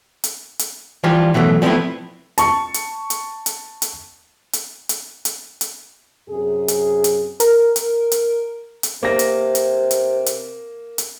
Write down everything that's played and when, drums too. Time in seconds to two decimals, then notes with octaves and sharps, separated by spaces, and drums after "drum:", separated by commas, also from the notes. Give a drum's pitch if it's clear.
0.24 drum: hi-hat
0.59 drum: hi-hat
1.04 E3 F3 G3 F4 G4
1.34 B2 E3 F#3 A3
1.62 F3 G3 A3 B3 C4 E4
2.38 A5 C#6, drum: hi-hat
2.74 drum: hi-hat
3.10 drum: hi-hat
3.46 drum: hi-hat
3.82 drum: hi-hat
4.53 drum: hi-hat
4.89 drum: hi-hat
5.25 drum: hi-hat
5.61 drum: hi-hat
6.28 F#2 C3 G#4
6.68 drum: hi-hat
7.04 drum: hi-hat
7.40 A#4, drum: hi-hat
7.76 drum: hi-hat
8.12 drum: hi-hat
8.83 drum: hi-hat
9.03 C3 A#3 A#6
9.19 drum: hi-hat
9.55 drum: hi-hat
9.91 drum: hi-hat
10.26 drum: hi-hat
10.98 drum: hi-hat